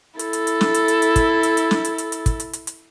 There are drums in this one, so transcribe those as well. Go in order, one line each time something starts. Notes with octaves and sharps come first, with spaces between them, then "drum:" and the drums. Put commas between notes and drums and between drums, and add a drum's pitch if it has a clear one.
E4 A4, drum: hi-hat
drum: hi-hat
drum: hi-hat
drum: snare
drum: hi-hat
drum: hi-hat
drum: hi-hat
drum: kick, hi-hat
drum: hi-hat
drum: hi-hat
drum: snare
drum: hi-hat
drum: hi-hat
drum: hi-hat
drum: kick, hi-hat
drum: hi-hat
drum: hi-hat
drum: hi-hat